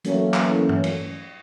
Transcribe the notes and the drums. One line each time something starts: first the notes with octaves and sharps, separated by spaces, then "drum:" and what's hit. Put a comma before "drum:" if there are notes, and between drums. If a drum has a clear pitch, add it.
E3 F#3 A3 A#3 C#4, drum: hi-hat
drum: clap
drum: tom G2
drum: cymbal